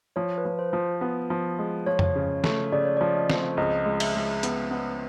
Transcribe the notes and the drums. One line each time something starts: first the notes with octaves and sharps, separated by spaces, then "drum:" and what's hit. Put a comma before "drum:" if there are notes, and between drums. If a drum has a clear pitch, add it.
F3 C#5
B4
F3
C5
F3
B3
F3
G#3
F3 C#5
drum: tom
C#3
A3, drum: snare
C#3 D5
C#5
F3 D5
D#5
C4, drum: snare
C#2 D#5
G#3
E5, drum: cymbal
G#3
B3, drum: hi-hat
B3